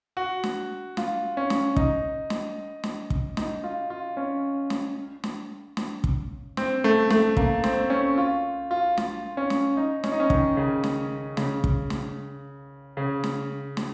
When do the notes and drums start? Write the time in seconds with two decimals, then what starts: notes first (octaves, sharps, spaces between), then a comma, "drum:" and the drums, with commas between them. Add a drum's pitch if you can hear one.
0.17 F#4
0.44 drum: snare
0.97 F4, drum: snare
1.37 C#4
1.50 drum: snare
1.76 D#4, drum: kick
2.30 drum: snare
2.84 drum: snare
3.10 drum: kick
3.37 D#4, drum: snare
3.64 F4
3.90 F4
4.17 C#4
4.70 drum: snare
5.24 drum: snare
5.77 drum: snare
6.04 drum: kick
6.57 C4, drum: snare
6.84 A3
7.11 A3, drum: snare
7.37 A#3, drum: kick
7.64 C4, drum: snare
7.90 C#4
8.18 F4
8.71 F4
8.98 F4, drum: snare
9.37 C#4
9.50 drum: snare
9.77 D#4
10.04 C#4, drum: snare
10.12 D#4
10.20 C#4
10.30 D#3, drum: kick
10.57 C#3
10.84 drum: snare
11.37 C#3, drum: snare
11.64 drum: kick
11.90 drum: snare
12.97 C#3
13.24 drum: snare
13.77 drum: snare